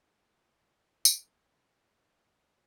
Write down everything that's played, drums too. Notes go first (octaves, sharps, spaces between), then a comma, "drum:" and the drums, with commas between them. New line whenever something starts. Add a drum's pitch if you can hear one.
D2 D#4
drum: tambourine